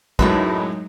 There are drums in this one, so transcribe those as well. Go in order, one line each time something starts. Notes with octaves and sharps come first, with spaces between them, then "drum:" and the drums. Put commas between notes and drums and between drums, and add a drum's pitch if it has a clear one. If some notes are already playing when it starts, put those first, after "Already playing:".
F#2 A2 F#3 G#3 A3 D#4 E4 B4, drum: kick